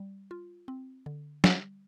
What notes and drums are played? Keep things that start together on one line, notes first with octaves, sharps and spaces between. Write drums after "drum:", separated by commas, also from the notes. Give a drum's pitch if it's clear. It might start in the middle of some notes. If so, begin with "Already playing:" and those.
Already playing: G3
F4
C4
D3
G3, drum: snare